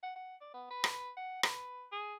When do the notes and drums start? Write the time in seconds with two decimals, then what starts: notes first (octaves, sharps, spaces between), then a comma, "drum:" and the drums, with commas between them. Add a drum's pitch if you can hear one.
0.03 F#5
0.15 F#5
0.41 D5
0.54 B3
0.70 B4
0.84 drum: rim click
1.17 F#5
1.43 B4, drum: rim click
1.92 G#4